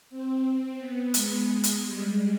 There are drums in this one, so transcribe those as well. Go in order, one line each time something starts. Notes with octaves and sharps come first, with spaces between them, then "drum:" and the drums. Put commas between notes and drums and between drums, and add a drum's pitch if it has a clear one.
C4
B3
G#3, drum: hi-hat
drum: hi-hat
G3